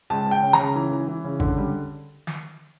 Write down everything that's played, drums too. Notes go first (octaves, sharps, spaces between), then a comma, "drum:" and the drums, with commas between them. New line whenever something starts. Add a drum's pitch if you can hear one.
C#2 A5
C#2
G5
C#3
A#5, drum: snare
C#3
E3
E3
E3
C#3
D3, drum: kick G#1
G3
drum: snare